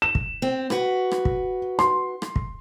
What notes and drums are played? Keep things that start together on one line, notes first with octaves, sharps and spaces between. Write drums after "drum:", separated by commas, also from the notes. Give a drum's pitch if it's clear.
E7
drum: kick
C4
F#4 B4, drum: rim click
drum: rim click
drum: kick
C6, drum: rim click
drum: rim click
drum: kick